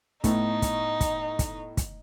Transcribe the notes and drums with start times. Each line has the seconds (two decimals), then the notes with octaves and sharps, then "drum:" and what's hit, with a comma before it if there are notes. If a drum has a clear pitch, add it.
0.24 A2 A3 B3 D#4, drum: kick, hi-hat
0.62 drum: kick, hi-hat
1.01 drum: kick, hi-hat
1.39 drum: kick, hi-hat
1.77 drum: kick, hi-hat